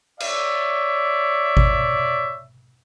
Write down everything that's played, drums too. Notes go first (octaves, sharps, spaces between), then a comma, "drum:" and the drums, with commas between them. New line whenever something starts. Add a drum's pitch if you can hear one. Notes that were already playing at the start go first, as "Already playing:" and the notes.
C#5 D5 E5, drum: cymbal
drum: kick G#1